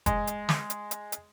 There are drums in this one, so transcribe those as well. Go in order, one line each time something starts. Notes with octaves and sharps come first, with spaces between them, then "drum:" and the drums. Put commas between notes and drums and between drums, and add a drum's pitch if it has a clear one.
G#3, drum: kick, hi-hat
drum: hi-hat
drum: snare
drum: hi-hat
drum: hi-hat
drum: hi-hat